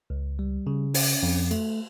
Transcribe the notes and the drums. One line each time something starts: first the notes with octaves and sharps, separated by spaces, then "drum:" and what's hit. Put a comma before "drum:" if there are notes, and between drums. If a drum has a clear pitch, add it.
C#2
G3
C#3
C#4, drum: open hi-hat
F2
A3, drum: cymbal